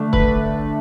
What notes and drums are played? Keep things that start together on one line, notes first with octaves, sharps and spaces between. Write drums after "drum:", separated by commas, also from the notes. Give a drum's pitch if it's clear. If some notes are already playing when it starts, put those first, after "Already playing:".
Already playing: D3 A3 D4
B4, drum: kick